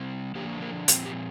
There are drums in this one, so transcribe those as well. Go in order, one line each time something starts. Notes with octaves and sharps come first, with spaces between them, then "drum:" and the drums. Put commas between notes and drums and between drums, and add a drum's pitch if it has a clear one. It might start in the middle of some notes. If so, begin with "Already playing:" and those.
Already playing: C3 G3 C4
D3 F3 A#3 D4 G4
A#3 A#4
A#2 F3 C4 G4, drum: hi-hat
G4